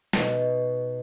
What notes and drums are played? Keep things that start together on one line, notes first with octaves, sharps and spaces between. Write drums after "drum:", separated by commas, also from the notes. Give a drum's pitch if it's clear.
B2 D#4, drum: snare